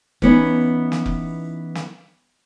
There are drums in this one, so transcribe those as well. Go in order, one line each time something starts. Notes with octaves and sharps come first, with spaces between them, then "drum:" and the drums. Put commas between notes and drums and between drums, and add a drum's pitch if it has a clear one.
E3 B3 C#4 D#4, drum: kick F1
drum: snare
drum: kick F1
drum: snare